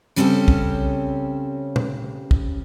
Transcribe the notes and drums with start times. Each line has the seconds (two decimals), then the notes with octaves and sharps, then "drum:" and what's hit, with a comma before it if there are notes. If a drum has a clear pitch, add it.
0.16 C#3 G3 C4 C#4 G4 A4
0.48 drum: kick
1.76 drum: tom A#2
2.31 drum: kick